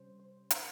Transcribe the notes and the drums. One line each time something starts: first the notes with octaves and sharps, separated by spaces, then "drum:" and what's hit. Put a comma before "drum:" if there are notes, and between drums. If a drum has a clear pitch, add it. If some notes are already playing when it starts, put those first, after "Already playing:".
Already playing: C3 G3 C#4 C5
C5
A#4, drum: hi-hat